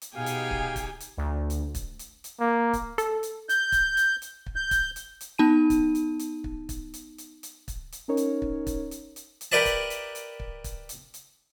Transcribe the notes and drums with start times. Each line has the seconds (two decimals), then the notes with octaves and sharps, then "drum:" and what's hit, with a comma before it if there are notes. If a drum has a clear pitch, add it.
0.02 drum: hi-hat
0.16 B2 D#4 G4 G#4 F5 G5 G#5
0.26 drum: hi-hat
0.51 drum: kick
0.76 drum: kick, hi-hat
1.00 drum: hi-hat
1.17 D2
1.50 drum: hi-hat
1.75 drum: kick, hi-hat
1.99 drum: hi-hat
2.24 drum: hi-hat
2.40 A#3
2.73 drum: kick, hi-hat
2.98 A4, drum: hi-hat
3.23 drum: hi-hat
3.49 G6, drum: hi-hat
3.72 drum: kick, hi-hat
3.97 drum: hi-hat
4.22 drum: hi-hat
4.46 drum: kick
4.56 G6
4.71 drum: kick, hi-hat
4.96 drum: hi-hat
5.21 drum: hi-hat
5.38 B3 D#4 A5 D#7
5.70 drum: kick, hi-hat
5.95 drum: hi-hat
6.19 drum: hi-hat
6.44 drum: kick
6.69 drum: kick, hi-hat
6.94 drum: hi-hat
7.18 drum: hi-hat
7.43 drum: hi-hat
7.68 drum: kick, hi-hat
7.92 drum: hi-hat
8.08 C#4 D#4 A#4 C#5
8.17 drum: hi-hat
8.42 drum: kick
8.67 drum: kick, hi-hat
8.91 drum: hi-hat
9.16 drum: hi-hat
9.41 drum: hi-hat
9.52 G4 A#4 B4 D5 E5 A5
9.65 drum: kick, hi-hat
9.90 drum: hi-hat
10.15 drum: hi-hat
10.40 drum: kick
10.64 drum: kick, hi-hat
10.89 drum: hi-hat
11.14 drum: hi-hat